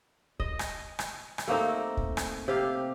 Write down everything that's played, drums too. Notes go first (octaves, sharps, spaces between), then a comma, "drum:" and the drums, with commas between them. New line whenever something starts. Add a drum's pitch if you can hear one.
D#5, drum: kick
drum: rim click
drum: rim click
drum: rim click
A3 A#3 C4 D#4
drum: kick
drum: rim click
C3 G4 F5